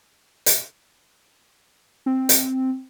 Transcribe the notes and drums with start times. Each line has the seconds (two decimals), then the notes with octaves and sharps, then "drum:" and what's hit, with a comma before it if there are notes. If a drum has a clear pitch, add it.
0.46 drum: hi-hat
2.06 C4
2.29 drum: hi-hat